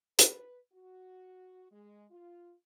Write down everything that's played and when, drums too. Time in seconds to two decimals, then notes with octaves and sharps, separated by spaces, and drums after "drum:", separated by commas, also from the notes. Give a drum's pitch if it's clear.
0.19 B4, drum: hi-hat
0.72 F#4
1.71 G#3
2.09 F4